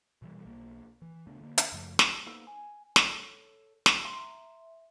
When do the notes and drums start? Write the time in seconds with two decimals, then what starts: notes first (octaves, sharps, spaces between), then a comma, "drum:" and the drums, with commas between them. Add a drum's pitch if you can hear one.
0.22 B2 E3 G3
0.46 B1 A#3
1.02 E3
1.27 C#3 A3 B3 D4
1.41 D3 A#3
1.58 drum: hi-hat
1.72 F#2 C#3 F3 A3
1.99 drum: snare
2.27 A#3 B3 D#4 A4 C5
2.47 G#5
2.96 A4 C#5, drum: snare
3.86 drum: snare
4.04 E5 A#5 C6